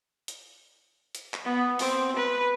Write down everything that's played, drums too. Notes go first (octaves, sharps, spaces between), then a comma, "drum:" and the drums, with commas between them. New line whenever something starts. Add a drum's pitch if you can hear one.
drum: hi-hat
drum: hi-hat
drum: clap
B3
C4, drum: open hi-hat
B4